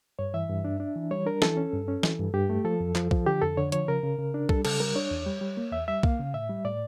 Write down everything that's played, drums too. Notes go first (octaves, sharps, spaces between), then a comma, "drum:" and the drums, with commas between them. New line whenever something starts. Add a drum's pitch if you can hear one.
G2 C#5
E3 E5
G2
D4
D4
E3
G3 C#5
D4 A#4
E3 A4, drum: snare
C#4
G2
C#4
E3, drum: snare
G2
G2 G4
A3
F3 A4
F2
F3, drum: clap
F3, drum: kick B1
D3 G4
F2 A4
D3 C#5
F3 C#5, drum: hi-hat
C#3 A#4
C#3
C#3
D4
G3 A4, drum: kick B1
C#3 A4, drum: cymbal
G3 A#4
D4 C#5
E2
G3
G3
A#3
E2 E5
G3 E5
A#3 F5, drum: kick B1
C#3
A2 E5
G3
A2 D5